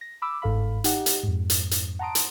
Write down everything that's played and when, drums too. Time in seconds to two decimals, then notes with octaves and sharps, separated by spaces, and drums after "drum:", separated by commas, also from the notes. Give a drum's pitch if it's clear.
0.01 A#6
0.22 B5 D6 E6
0.42 G1 G#2 A4 F5 B5
0.84 D#4 G4 F#5, drum: hi-hat
1.06 drum: hi-hat
1.23 F2 G#2
1.50 drum: hi-hat
1.71 drum: hi-hat
1.99 F#5 A5 A#5 C6 D#6 D7
2.15 drum: hi-hat